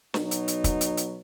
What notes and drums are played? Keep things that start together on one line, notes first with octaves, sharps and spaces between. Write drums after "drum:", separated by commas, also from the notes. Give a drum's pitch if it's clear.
B2 F#3 D#4, drum: snare
drum: hi-hat
drum: hi-hat
drum: kick, hi-hat
drum: hi-hat
drum: hi-hat